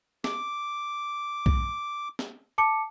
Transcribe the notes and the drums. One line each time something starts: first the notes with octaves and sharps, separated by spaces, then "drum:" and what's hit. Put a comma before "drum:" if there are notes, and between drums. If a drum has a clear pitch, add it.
D6, drum: snare
drum: kick B1
drum: snare
A5 D6 C#7